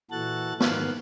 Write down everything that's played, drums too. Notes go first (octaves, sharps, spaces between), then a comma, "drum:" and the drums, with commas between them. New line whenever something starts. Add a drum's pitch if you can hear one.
A#2 E3 F#4 A4 F#6 A6
G#2 D#3 A#3 B3 F5 F#6, drum: snare